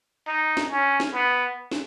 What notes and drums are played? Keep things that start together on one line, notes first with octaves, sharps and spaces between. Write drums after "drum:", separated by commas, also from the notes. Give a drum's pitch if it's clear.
D#4
drum: snare
C#4
drum: snare
B3
drum: snare